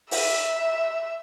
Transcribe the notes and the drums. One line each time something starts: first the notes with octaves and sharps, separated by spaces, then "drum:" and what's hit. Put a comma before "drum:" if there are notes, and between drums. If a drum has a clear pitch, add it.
E5, drum: open hi-hat